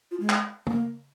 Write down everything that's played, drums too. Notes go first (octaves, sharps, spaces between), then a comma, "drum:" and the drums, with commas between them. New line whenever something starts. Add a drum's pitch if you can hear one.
F4
G#3
drum: clap
A#3, drum: tom